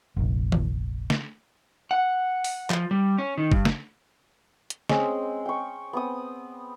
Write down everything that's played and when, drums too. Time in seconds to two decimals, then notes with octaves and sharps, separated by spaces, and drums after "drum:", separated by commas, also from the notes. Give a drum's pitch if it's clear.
0.16 F1 A#1
0.52 drum: tom D#3
1.10 drum: snare
1.91 F#5
2.44 drum: open hi-hat
2.70 F3, drum: clap
2.91 G3
3.18 C#4
3.38 D#3
3.52 G2, drum: kick
3.65 drum: snare
4.70 drum: hi-hat
4.89 G#3 C4 C#4, drum: snare
5.46 G5 C#6
5.93 B3 C4 D#6